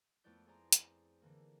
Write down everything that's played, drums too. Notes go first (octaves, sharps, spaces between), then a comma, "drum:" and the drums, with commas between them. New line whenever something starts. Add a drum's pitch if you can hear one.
F2 A3 B3 E4 D5 G6
G#4 C5 D5 A#5
drum: hi-hat
D3 E3 A#3